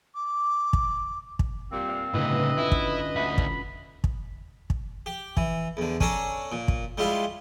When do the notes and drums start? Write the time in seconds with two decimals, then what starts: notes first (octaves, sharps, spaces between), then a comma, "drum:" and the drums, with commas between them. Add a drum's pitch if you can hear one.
0.14 D6
0.73 drum: kick
1.39 drum: kick
1.72 A#2 G3 C4
1.88 D5 F5
2.14 G1 A2 C#3 B3 E4 B4 D#5
2.57 C#4 E4 F4
2.72 drum: kick
3.16 D2 E5 B5
3.38 drum: kick
4.04 drum: kick
4.70 drum: kick
5.06 G4
5.37 E3, drum: kick
5.77 E2 D3
6.00 C#4 D4 A4 D5 A#5, drum: kick
6.52 A#2
6.68 drum: kick
6.98 G3 G#3 E4 F4